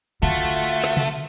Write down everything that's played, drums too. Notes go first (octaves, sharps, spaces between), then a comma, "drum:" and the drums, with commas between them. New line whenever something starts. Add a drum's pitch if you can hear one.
D3 A3 F4 F#4
drum: snare
drum: tom C3